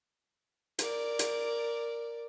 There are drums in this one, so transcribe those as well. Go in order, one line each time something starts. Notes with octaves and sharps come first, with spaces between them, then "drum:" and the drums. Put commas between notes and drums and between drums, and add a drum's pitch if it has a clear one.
A#4 D5, drum: hi-hat
drum: hi-hat